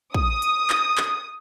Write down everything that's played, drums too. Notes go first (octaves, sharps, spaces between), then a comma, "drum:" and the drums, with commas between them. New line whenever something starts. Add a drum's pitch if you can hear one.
D#6, drum: kick
drum: hi-hat
drum: clap
drum: clap